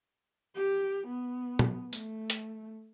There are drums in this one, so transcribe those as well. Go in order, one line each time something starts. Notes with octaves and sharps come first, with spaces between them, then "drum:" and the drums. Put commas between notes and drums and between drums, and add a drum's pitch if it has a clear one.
G4
B3
drum: tom
A3, drum: tambourine
drum: hi-hat